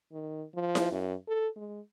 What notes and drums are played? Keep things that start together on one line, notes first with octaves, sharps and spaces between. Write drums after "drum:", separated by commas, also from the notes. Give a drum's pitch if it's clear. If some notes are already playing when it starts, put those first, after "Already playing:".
D#3
F3
drum: snare E4
F#2
A4
G#3